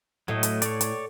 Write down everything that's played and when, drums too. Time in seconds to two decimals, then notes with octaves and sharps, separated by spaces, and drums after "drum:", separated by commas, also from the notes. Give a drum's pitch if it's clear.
0.28 A2 F#3 A3 D#5
0.43 drum: hi-hat
0.62 C#5 D5, drum: hi-hat
0.81 drum: hi-hat